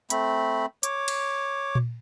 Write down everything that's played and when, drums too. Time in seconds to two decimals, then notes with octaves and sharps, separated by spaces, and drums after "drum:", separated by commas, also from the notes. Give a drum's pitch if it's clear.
0.10 A3 C4 B5, drum: hi-hat
0.83 C#5 D6, drum: hi-hat
1.08 drum: cymbal
1.75 drum: tom A#2